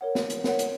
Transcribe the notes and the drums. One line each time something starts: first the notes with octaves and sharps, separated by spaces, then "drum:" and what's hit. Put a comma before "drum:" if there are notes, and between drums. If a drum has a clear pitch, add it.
A#4 C#5 F#5
drum: snare
drum: hi-hat
A#4 C#5 F#5, drum: snare
drum: hi-hat